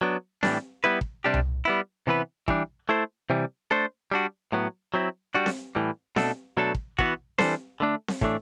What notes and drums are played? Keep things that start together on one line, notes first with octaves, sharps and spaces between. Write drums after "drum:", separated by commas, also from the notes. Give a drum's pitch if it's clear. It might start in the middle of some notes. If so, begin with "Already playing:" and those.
F#3 B3 D4
A2 E3 G3 D4, drum: snare C4
G3 B3 E4 B4
drum: kick
C3 G3 D4 G4
drum: tom C2
G3 B3 E4
C3 E3 B3 E4 B4
E3 G3 D4, drum: kick
A3 E4 A4 C5
C3 E3 G3
A3 D4 A4 C5
G3 D4 F#4
A2 F#3 B3
F#3 C4 E4
G3 D4 F#4
drum: snare C4
A2 E3 G3
B2 A3 D4 A4, drum: snare C4
B2 F#3 A3 D4 A4
drum: kick
E3 B3 F#4, drum: kick
E3 G3 D4 A4 C5, drum: snare C4
D3 A3 D4
drum: snare C4
A2 E3 A3 D4, drum: kick